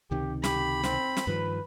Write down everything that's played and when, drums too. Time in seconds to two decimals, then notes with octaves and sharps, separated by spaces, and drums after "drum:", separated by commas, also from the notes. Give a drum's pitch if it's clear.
0.11 C#2 C3 D#3 G4
0.44 G4 B5, drum: snare
0.83 C4, drum: snare
1.17 drum: snare
1.27 G2 D#3 F3 B4